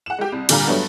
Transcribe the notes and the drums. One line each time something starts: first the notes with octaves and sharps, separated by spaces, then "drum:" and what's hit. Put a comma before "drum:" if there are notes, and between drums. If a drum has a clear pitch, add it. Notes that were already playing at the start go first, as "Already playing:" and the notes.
F#5 E7
G#3 G4
C2
A#2 D3 G3 F5 A#5, drum: cymbal
G2 F#3 A3 B3 D4